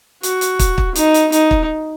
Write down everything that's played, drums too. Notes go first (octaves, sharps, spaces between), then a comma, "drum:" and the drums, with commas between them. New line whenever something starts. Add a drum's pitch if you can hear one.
F#4, drum: hi-hat
drum: hi-hat
drum: kick, hi-hat
drum: kick
D#4, drum: hi-hat
drum: hi-hat
D#4, drum: hi-hat
drum: kick